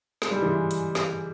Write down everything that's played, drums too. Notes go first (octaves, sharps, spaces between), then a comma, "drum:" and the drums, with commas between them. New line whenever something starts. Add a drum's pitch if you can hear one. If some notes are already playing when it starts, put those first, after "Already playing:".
G#3, drum: snare
G3
E3 G#3
drum: hi-hat
drum: snare